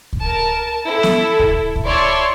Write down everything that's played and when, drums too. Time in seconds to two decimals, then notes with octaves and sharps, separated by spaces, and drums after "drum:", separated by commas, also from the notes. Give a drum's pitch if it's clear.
0.13 drum: kick C#2
0.23 A#4 A5
0.85 E4 A4
1.03 drum: snare B3
1.39 drum: kick C#2
1.76 drum: kick C#2
1.86 E4 C#5 D5 A5 C6 C#6